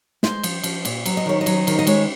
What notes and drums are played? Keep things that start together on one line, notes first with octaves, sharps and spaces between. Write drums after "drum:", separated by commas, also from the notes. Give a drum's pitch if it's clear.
G#3 C5, drum: snare
F3, drum: cymbal
F3, drum: cymbal
A#2, drum: cymbal
F#3, drum: cymbal
D#5
D#3 C#5
D#5
F#3, drum: cymbal
D#3, drum: cymbal
D#5
G#3 C#5, drum: cymbal